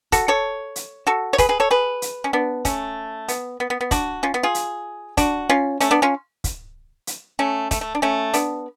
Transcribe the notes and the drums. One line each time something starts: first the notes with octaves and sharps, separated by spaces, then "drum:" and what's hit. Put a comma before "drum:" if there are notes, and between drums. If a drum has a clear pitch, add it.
F#4 A4, drum: kick, hi-hat
A4 C#5
drum: hi-hat
F#4 A4
C#5
G#4 B4, drum: kick, hi-hat
G#4 B4
A4 C#5
G#4 B4
drum: hi-hat
C#4
B3 D4
A3 C#4, drum: kick, hi-hat
B3, drum: hi-hat
B3
B3
B3
D4 F#4, drum: kick, hi-hat
C#4 F4
B3
F4 G#4
drum: hi-hat
D4 F#4, drum: kick, hi-hat
C#4 F4
A3 C#4, drum: hi-hat
B3 D4
C#4 F4
drum: kick, hi-hat
drum: hi-hat
A3 C#4
A3, drum: kick, hi-hat
A3
D4
A3 C#4
B3 D4, drum: hi-hat